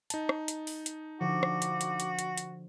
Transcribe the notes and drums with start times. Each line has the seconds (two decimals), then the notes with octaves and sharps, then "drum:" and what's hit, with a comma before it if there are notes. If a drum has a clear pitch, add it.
0.10 D#4 A5, drum: hi-hat
0.29 drum: rim click
0.48 drum: hi-hat
0.67 drum: open hi-hat
0.86 drum: hi-hat
1.21 D3 F3 F#4 D6
1.43 drum: rim click
1.62 drum: hi-hat
1.81 drum: hi-hat
2.00 drum: hi-hat
2.19 drum: hi-hat
2.38 drum: hi-hat